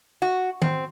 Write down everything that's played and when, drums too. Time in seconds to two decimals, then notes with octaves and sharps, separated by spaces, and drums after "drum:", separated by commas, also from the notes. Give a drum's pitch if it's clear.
0.22 F#4
0.62 C4, drum: tom D#3